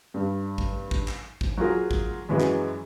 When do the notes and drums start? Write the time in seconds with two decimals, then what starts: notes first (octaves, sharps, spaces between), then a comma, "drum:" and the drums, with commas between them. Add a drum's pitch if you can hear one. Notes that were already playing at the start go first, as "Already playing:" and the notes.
0.14 G2
0.58 drum: kick
0.91 drum: kick
1.08 drum: clap
1.41 drum: kick
1.58 F#3 F4 G#4 A#4
1.91 drum: kick
2.29 F#2 E3 F#3 G#3
2.40 drum: clap